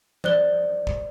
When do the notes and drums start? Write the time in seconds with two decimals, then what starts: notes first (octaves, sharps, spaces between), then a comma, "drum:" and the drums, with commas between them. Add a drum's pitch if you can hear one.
0.24 C5 D5 F#6 G7, drum: tom E3
0.87 drum: kick